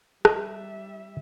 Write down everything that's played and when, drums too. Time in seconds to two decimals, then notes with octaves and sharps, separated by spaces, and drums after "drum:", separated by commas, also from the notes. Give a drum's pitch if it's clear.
0.25 G3 D#5 E5, drum: rim click